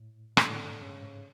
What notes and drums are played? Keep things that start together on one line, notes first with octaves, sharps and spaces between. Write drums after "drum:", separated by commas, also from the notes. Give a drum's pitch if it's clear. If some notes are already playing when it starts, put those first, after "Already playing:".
Already playing: A2
A2 D3, drum: rim click
A2
G#2
A2
G2 C#3
G#2